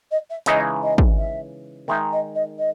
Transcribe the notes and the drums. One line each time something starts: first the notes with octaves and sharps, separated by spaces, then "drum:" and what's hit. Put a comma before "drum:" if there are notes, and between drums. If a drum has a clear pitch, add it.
D#5
E5
C#3 E3 G#3 D#4 D#5, drum: hi-hat
D#5
drum: kick
E5
D#3 G#3 D#4 E5
D#5
D#5
D#5